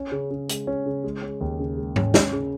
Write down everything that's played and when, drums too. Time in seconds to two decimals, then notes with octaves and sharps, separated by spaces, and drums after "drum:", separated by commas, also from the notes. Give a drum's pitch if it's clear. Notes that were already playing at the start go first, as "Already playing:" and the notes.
Already playing: C#4
0.12 C#3
0.31 C#3
0.49 G#3, drum: hi-hat
0.67 C#4
0.86 C#3
1.04 G#3
1.22 C#4
1.41 D#2
1.59 C#3
1.77 G#3
1.96 C#4, drum: tom G#2
2.14 C#4, drum: snare
2.32 C#3